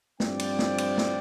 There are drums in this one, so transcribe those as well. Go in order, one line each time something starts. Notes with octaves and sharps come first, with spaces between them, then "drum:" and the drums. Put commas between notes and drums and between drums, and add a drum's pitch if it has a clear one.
G2 F3 C4 D5 G5, drum: snare
drum: cymbal
drum: snare
drum: cymbal
drum: snare